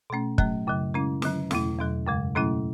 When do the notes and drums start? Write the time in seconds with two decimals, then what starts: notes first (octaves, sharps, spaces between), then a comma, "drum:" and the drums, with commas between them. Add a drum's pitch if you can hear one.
0.10 B2 A3 C#4
0.38 A2 F#3 A3, drum: kick
0.67 F#2 C#3 F#3
0.94 C#3 G#3 C#4 E4
1.22 D3 F#3 C#4, drum: snare
1.51 E2 B2 A3 E4, drum: snare
1.79 E2 B2 F#3
2.07 F#2 C#3 G#3
2.35 B2 F#3 A3 C#4 E4